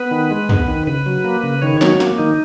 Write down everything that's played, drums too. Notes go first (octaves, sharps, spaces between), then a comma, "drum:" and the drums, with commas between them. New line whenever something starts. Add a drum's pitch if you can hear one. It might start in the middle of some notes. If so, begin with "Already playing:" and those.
Already playing: B3 B4
D#3
G#3
B3, drum: tom
D#3
C#3 B4
F#3
A#3
C#3
D#3 C#5
F#3 C#5, drum: snare
A#3, drum: snare
D#3 D#4